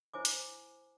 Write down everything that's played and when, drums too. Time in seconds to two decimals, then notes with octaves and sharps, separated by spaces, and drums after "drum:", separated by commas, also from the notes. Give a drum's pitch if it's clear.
0.14 E4 C5 G#5 D6
0.25 drum: hi-hat